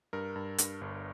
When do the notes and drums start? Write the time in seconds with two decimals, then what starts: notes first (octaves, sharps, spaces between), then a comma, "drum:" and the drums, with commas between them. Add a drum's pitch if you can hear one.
0.13 G2 A#4
0.36 G2
0.58 G2, drum: hi-hat
0.81 G1